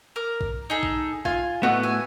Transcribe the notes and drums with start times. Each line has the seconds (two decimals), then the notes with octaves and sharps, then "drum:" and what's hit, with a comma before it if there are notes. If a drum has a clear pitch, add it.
0.16 A#4 D6
0.41 drum: kick
0.70 D#4 G#4 A4
0.83 drum: kick
1.25 F4 G#5, drum: kick
1.63 A2 A3 B3 F#4 D#5
1.83 E5 G#5